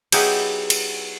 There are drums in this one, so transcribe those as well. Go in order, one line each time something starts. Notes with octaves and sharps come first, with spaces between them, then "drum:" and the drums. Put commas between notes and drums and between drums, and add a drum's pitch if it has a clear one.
F#3 B3 D#4 E4 G4 G#4, drum: cymbal
drum: cymbal